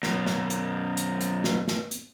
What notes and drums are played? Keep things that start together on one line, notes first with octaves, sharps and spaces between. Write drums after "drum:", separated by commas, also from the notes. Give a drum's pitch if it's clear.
F#2 B2, drum: snare
drum: snare
drum: hi-hat
drum: hi-hat
drum: hi-hat
drum: snare
drum: snare
drum: hi-hat